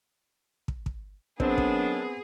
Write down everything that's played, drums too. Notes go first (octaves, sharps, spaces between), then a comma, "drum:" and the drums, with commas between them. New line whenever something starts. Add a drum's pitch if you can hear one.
drum: kick
drum: kick
D#3 F#3 B3 C4 D4 G#4, drum: kick
drum: kick